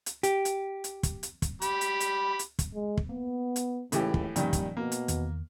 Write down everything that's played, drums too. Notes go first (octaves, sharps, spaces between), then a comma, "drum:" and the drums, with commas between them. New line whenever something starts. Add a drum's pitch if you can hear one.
drum: hi-hat
G4, drum: hi-hat
drum: hi-hat
drum: hi-hat
drum: kick, hi-hat
drum: hi-hat
drum: kick, hi-hat
G4 B5, drum: hi-hat
drum: hi-hat
drum: hi-hat
drum: hi-hat
drum: kick, hi-hat
G#3
drum: kick
A#3 B3
drum: hi-hat
C#2 A2 E3 G4, drum: hi-hat
drum: kick
G2 A#2 D#3 F3 G3 C#4, drum: hi-hat
drum: kick, hi-hat
B2 A#3
drum: hi-hat
E2 D#3, drum: hi-hat